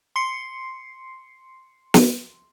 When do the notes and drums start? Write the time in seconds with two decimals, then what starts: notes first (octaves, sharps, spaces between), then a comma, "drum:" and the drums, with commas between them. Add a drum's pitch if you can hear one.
0.16 C6 C7 C#7
1.94 drum: snare